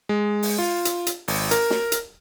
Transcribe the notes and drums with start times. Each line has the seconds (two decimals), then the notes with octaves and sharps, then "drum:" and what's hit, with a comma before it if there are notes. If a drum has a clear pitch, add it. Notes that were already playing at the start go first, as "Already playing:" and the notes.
0.09 G#3
0.43 drum: open hi-hat
0.59 F4
0.85 drum: hi-hat
1.07 drum: hi-hat
1.28 G#1, drum: open hi-hat
1.51 A#4, drum: hi-hat
1.70 drum: snare
1.92 drum: hi-hat